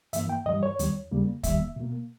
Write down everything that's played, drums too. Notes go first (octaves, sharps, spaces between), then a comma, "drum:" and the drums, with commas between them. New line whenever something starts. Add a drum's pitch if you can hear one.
G2 E3 A#3 E5, drum: hi-hat
G5
G2 E3 G3 D#5
C#5
E2 D#3 G3, drum: hi-hat
E2 C#3 G3 A#3
E2 D#3 G3 A#3 E5, drum: kick, hi-hat
B2 A#3